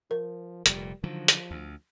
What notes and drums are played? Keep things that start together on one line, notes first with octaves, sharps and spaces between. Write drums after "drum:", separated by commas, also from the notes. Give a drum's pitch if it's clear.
F3 A#4
F1 A#2 G3, drum: hi-hat
D3 D#3 F3 F#3
drum: hi-hat
D2